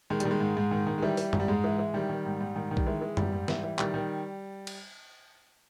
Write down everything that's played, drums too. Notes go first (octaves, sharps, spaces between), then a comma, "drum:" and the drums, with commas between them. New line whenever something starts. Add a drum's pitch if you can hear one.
D#3 G#3
G3, drum: hi-hat
D#3
G#3
G#2
G#2
D#3
D#3
G#3
E3 G3
E3, drum: open hi-hat
G#2, drum: tom F#2
G3
G#2 G#3
E3
E3
D#3 G3
D#3
G#2
G#2
D#3
D#3
G3, drum: kick
E3 G#3
E3 G#3
G#2 G3, drum: tom F#2
G#2
E3, drum: snare
E3
D#3 G3, drum: clap
D#3
drum: cymbal